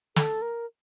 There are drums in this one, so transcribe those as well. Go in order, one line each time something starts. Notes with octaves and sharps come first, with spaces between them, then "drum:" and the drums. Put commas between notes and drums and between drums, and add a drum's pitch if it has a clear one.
A4, drum: snare
A#4